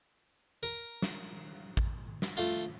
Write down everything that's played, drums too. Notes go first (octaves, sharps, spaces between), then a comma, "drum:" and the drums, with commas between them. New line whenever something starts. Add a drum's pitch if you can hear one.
A#4
drum: snare
drum: kick A1
drum: snare
A3 F4